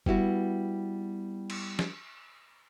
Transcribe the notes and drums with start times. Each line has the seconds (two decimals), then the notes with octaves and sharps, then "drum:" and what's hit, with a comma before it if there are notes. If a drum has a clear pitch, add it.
0.06 G3 B3 E4 F#4, drum: kick
1.50 drum: cymbal
1.79 drum: snare